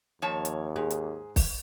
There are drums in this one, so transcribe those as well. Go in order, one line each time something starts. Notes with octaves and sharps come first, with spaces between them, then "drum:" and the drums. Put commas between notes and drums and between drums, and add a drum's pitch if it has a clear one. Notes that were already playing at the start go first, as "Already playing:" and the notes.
D#2 F3 C#5 A5
drum: hi-hat
G#2 G#4
drum: hi-hat
drum: kick, open hi-hat